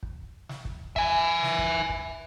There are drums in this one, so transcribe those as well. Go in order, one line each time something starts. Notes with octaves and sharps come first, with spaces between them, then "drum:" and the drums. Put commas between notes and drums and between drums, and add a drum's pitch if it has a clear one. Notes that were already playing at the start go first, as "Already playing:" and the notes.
drum: kick
drum: snare
drum: kick
E5 G#5, drum: kick
drum: snare
drum: kick
drum: kick